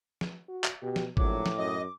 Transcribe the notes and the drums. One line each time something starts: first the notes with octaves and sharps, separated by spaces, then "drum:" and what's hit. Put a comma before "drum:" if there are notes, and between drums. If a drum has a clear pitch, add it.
drum: snare
F#4
drum: clap
B2 G4
drum: snare
A#1 A2 F#3 D6, drum: kick G#1
drum: snare
F#2 D#5